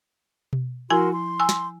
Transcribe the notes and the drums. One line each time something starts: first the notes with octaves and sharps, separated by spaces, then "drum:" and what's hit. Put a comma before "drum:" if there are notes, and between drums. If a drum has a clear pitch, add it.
drum: tom B2
F3 E4 F#4 A#4 G#5 C6
C6
G#5 E6
drum: snare